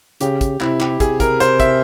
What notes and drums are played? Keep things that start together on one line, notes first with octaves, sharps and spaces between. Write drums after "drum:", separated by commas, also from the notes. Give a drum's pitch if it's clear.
C#3 G4, drum: hi-hat
drum: kick, hi-hat
C3 E4, drum: clap
G4, drum: clap
C3 G#4, drum: kick, hi-hat
A#4, drum: kick, hi-hat
C5, drum: hi-hat
E5, drum: kick, hi-hat